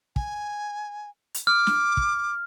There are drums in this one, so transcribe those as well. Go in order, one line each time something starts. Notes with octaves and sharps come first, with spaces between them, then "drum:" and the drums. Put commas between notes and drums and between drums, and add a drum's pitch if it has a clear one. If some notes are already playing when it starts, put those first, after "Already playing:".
G#5, drum: kick
drum: hi-hat
D6 F6
drum: snare
drum: kick